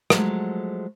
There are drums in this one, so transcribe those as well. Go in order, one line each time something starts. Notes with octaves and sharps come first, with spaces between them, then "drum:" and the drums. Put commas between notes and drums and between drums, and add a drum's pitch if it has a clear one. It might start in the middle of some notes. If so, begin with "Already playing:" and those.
F3 F#3 G#3 A3, drum: rim click